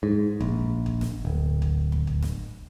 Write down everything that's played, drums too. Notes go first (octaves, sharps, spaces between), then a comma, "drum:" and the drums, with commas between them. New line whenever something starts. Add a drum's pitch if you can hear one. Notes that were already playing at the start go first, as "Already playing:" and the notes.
G#2
A#1, drum: kick
drum: kick
drum: snare E1
D1
drum: kick
drum: tom D#2
drum: kick
drum: snare E1